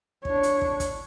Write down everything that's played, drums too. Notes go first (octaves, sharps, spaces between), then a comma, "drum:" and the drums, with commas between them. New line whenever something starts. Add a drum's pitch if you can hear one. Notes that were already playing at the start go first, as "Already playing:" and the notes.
D4 C#5, drum: kick
drum: hi-hat
drum: kick
drum: kick, hi-hat